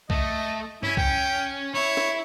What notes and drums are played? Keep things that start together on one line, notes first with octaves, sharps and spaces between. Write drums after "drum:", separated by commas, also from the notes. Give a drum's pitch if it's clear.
A3 D#5, drum: kick
C#4 E4, drum: tom G2
G5, drum: kick
E4 C#5
drum: snare